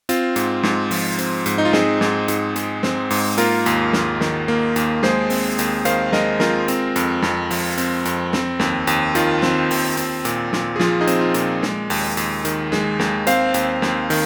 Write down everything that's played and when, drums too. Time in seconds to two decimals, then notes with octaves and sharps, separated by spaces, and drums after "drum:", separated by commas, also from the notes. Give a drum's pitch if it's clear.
0.09 C4 F4, drum: hi-hat
0.36 G#2, drum: hi-hat
0.63 G#2, drum: snare
0.91 F3, drum: open hi-hat
1.18 C4, drum: hi-hat
1.46 G#2, drum: hi-hat
1.58 D#4
1.65 F4
1.73 C4 D#4 G#4, drum: snare
2.01 G#2, drum: snare
2.28 G#2, drum: hi-hat
2.56 G#3, drum: hi-hat
2.83 C4, drum: snare
3.10 G#2, drum: open hi-hat
3.38 A#3 F4 A#4, drum: hi-hat
3.66 D#2, drum: hi-hat
3.93 D#2, drum: snare
4.21 D#3, drum: snare
4.48 A#3
4.76 D#2, drum: hi-hat
5.03 G#3 G#4 C5, drum: snare
5.30 C4, drum: open hi-hat
5.59 D#2, drum: hi-hat
5.85 D#3 C5 F5, drum: hi-hat
6.13 G#3 A#4 D#5, drum: snare
6.40 C4 F4 A#4, drum: snare
6.68 C4, drum: hi-hat
6.96 F2, drum: hi-hat
7.22 F2, drum: snare
7.51 F3, drum: open hi-hat
7.78 C4, drum: hi-hat
8.05 F2, drum: hi-hat
8.33 C4, drum: snare
8.59 D#2, drum: snare
8.87 D#2, drum: hi-hat
9.15 D#3 F4, drum: hi-hat
9.42 C4, drum: snare
9.71 D#2, drum: open hi-hat
9.97 C4, drum: hi-hat
10.25 A#2, drum: hi-hat
10.53 A#2, drum: snare
10.76 G#4
10.79 F3 F4, drum: snare
11.01 D#4 G#4
11.07 C4, drum: hi-hat
11.21 F4
11.34 A#2, drum: hi-hat
11.62 G#3, drum: snare
11.90 D#2, drum: open hi-hat
12.17 D#2, drum: hi-hat
12.45 D#3, drum: hi-hat
12.72 G#3, drum: snare
12.99 D#2, drum: snare
13.27 C4 C5 F5, drum: hi-hat
13.54 D#2, drum: hi-hat
13.82 D#2, drum: snare
14.10 D#3, drum: open hi-hat